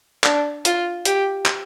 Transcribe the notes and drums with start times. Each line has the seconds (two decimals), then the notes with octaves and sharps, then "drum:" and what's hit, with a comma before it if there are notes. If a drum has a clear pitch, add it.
0.24 D4, drum: clap
0.65 F4, drum: hi-hat
1.05 G4, drum: hi-hat
1.46 drum: clap